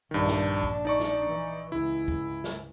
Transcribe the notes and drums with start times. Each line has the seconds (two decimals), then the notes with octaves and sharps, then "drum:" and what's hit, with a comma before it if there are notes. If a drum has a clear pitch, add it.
0.11 A#1 G2 D#3 D4
0.28 drum: snare
0.64 drum: kick
0.85 D#4 D5 C#6
1.00 drum: snare
1.29 E3
1.72 C#2 E4
2.08 drum: kick
2.44 drum: snare